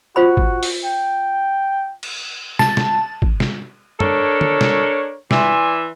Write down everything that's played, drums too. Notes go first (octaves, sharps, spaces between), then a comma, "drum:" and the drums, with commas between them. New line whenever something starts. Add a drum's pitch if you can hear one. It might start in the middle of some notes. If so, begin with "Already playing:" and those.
F4 F#4 C5 B5
drum: kick
drum: open hi-hat
G5
drum: cymbal
A5, drum: snare
drum: snare
drum: kick
drum: snare
D4 A4 A#4 C#5, drum: tom
drum: tom
drum: snare
E3 D5 E5 G#5 C6, drum: snare